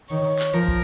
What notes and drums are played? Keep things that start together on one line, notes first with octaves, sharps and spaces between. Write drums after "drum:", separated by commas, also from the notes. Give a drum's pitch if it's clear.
D#3 C#5, drum: tambourine
drum: tambourine
drum: clap
F3 A#4, drum: tambourine
drum: kick